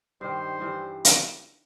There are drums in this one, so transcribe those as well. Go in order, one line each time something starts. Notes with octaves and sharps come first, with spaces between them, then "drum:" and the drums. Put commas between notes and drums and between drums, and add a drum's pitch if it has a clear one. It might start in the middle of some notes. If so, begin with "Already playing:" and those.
G2 D#3 G3 C5
G2 E3 G3
drum: hi-hat